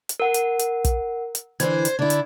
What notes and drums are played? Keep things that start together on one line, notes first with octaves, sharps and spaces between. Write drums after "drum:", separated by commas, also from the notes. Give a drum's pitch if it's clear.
drum: hi-hat
A#4 F#5
drum: hi-hat
drum: hi-hat
drum: kick, hi-hat
drum: hi-hat
D3 E3 C5 G#6, drum: hi-hat
drum: hi-hat
D3 E4 D5
drum: hi-hat